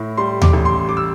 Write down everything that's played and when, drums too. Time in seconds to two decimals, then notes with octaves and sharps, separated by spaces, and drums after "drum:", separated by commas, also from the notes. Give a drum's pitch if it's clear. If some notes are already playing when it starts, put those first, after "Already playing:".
Already playing: A2 E4
0.17 G3 C6
0.42 D6, drum: tom D#2
0.53 A1
0.65 C6
0.89 G3 D6
0.97 E6